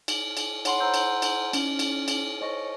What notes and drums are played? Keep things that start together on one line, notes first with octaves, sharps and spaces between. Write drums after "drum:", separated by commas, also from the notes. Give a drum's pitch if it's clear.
drum: cymbal
drum: cymbal
C#5 F#5 B5 C6, drum: cymbal
C5 F#5 A#5 C6 E6 G6
drum: cymbal
drum: cymbal
C#4, drum: cymbal
drum: cymbal
drum: cymbal
C5 C#5 D#5 C#6 A#6